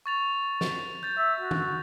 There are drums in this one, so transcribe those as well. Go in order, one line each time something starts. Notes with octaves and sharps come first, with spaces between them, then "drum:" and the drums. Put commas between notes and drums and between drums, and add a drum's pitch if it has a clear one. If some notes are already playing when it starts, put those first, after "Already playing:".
C#6 A6 F7
drum: snare
G6 A6
E5
F#4
drum: tom D#3